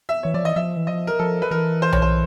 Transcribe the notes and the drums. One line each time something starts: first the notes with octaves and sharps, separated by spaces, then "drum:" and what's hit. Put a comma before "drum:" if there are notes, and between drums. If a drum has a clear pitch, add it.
E5
E3 C#5
F3 D5
E3 D#5
F3 E5
E3
F3 D#5
A#4
F3 A4
B4
E3 A#4
C5
C#5, drum: tom B1
C5